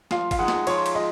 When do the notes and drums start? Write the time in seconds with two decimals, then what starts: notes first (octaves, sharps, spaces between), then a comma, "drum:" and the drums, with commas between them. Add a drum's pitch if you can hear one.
0.11 F3 F5, drum: snare
0.31 F5, drum: kick, cymbal
0.39 G#3 D#4 F#5
0.48 drum: snare
0.67 F3 C#5, drum: cymbal
0.86 drum: cymbal
0.95 G#3 D#5